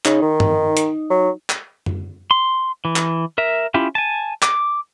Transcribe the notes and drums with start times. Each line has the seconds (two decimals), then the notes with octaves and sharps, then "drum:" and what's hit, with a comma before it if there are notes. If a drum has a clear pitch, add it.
0.05 C#3 D#4, drum: clap
0.22 D#3
0.40 drum: tom
0.77 drum: hi-hat
1.10 F#3
1.50 drum: clap
1.86 drum: tom F#2
2.31 C6
2.85 E3
2.96 drum: clap
3.38 A#4 E5
3.74 C#4 E4 F4 G4
3.95 G#5 A5
4.43 D6, drum: clap